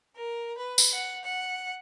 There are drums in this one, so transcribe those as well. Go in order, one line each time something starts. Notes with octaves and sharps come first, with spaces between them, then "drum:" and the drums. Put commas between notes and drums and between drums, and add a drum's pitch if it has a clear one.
A#4
B4
drum: tambourine
F#5
F#5